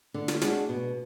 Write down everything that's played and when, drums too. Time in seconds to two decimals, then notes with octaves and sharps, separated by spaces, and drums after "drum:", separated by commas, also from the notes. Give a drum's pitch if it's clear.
0.14 D3
0.28 drum: snare
0.42 G#3 D4 F#4, drum: snare
0.69 B2